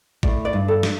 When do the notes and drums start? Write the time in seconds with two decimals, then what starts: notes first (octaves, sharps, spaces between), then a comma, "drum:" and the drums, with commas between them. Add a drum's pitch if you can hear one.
0.23 A2 D5, drum: kick A1
0.45 D5
0.53 G2
0.68 A4
0.83 drum: snare